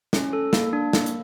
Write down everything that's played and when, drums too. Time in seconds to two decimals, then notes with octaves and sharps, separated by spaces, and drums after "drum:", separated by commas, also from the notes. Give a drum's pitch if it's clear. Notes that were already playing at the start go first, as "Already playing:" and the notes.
0.13 C#4, drum: snare
0.33 A4
0.53 A#3, drum: snare
0.73 D4
0.93 A#3, drum: snare
1.06 drum: hi-hat